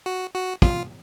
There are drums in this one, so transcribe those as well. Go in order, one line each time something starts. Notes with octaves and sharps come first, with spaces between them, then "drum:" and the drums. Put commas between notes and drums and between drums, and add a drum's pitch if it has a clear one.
F#4
F#4
F4, drum: kick